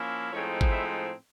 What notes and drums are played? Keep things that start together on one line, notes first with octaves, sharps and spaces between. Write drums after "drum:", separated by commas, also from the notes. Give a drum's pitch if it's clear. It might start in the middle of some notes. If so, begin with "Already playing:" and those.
Already playing: F3 A#3 C#4 E4
A2 F3 G#3 C4 C#4 D#4 C#5
drum: kick G#1
E4 E5